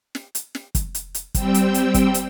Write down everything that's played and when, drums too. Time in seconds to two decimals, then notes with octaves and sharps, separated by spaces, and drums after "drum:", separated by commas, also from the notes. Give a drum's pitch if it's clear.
0.15 drum: snare
0.35 drum: hi-hat
0.55 drum: snare
0.75 drum: kick, hi-hat
0.95 drum: hi-hat
1.15 drum: hi-hat
1.34 G3 C4 G5 E6, drum: kick, hi-hat
1.54 drum: hi-hat
1.74 drum: hi-hat
1.94 drum: kick, hi-hat
2.14 drum: hi-hat